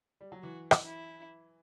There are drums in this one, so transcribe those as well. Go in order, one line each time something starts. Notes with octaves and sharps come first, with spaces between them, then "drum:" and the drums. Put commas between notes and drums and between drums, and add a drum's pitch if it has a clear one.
G3
F#3
E3 F#4
drum: rim click
E4